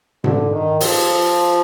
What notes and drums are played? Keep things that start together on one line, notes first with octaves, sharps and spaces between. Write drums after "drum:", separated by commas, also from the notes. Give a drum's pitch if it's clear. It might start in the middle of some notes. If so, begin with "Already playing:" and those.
D3, drum: tom G#2
D#3
F3, drum: open hi-hat